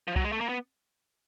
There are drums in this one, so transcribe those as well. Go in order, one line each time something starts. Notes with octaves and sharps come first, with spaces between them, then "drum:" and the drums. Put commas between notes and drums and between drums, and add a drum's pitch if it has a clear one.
F3
F#3, drum: kick C2
G#3
A3
A#3
B3